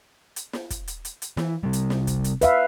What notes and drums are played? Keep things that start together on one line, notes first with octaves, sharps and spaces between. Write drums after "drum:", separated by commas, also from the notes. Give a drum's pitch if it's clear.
drum: hi-hat
drum: snare
drum: kick, hi-hat
drum: hi-hat
drum: hi-hat
drum: hi-hat
E3, drum: snare
C3 G3
drum: hi-hat
drum: snare
drum: kick, hi-hat
drum: hi-hat
B4 E5 F5, drum: hi-hat